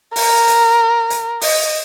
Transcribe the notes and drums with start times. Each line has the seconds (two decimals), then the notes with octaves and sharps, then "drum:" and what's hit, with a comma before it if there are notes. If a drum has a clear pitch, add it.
0.16 A#4, drum: open hi-hat
0.48 drum: hi-hat
1.10 drum: hi-hat
1.41 D#5, drum: open hi-hat